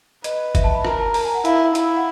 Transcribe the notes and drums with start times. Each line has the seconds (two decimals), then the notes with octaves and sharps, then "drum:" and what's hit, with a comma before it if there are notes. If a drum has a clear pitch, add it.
0.24 B4 D#5, drum: hi-hat
0.55 E5, drum: kick, hi-hat
0.64 A5
0.75 B5
0.85 A#4 A#5, drum: rim click
1.00 A5
1.14 A#5, drum: open hi-hat
1.25 G#5
1.35 F#5
1.45 E4 F5, drum: hi-hat
1.75 E4, drum: hi-hat
1.96 F#5